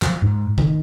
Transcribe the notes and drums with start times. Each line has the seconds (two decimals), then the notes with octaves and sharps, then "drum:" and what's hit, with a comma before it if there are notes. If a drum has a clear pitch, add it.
0.02 F3, drum: clap
0.22 G#2
0.58 D#3, drum: kick A1